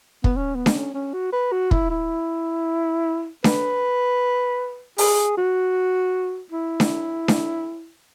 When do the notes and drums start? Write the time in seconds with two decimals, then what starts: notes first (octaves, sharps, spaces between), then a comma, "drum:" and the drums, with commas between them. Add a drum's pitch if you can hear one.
0.24 B3, drum: kick
0.37 C#4
0.55 B3
0.66 drum: snare D4
0.75 C#4
0.94 C#4
1.14 F#4
1.33 B4
1.52 F#4
1.71 E4, drum: kick
1.90 E4
3.44 B4, drum: snare D4
4.98 G#4, drum: open hi-hat
5.37 F#4
6.52 E4
6.80 drum: snare D4
7.28 drum: snare D4